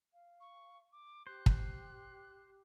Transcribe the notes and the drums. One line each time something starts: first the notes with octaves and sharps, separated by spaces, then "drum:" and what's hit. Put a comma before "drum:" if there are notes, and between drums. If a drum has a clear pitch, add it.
F5
C#6
D6
G4 C5 F#6
drum: kick